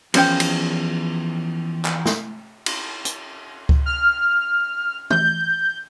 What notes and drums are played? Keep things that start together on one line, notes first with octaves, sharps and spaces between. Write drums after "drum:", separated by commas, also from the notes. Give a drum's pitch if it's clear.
E2 F3 C#4 C5 G5, drum: cymbal
drum: cymbal
drum: clap
drum: snare
drum: cymbal
drum: hi-hat
drum: kick C#2
F6
G6, drum: tom